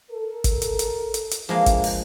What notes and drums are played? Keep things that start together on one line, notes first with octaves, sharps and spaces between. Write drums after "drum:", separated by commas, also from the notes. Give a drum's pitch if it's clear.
A4 A#4
drum: kick G#1, hi-hat
drum: hi-hat
drum: hi-hat
drum: hi-hat
drum: hi-hat
E3 F3 G#3 A#3 D4 G#4
drum: kick G#1, hi-hat
drum: open hi-hat